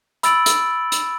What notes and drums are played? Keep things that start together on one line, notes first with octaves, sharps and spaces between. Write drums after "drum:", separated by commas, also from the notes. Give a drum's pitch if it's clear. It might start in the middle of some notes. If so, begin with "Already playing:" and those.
B5 E6 A6 D7 F#7, drum: hi-hat
drum: hi-hat
drum: hi-hat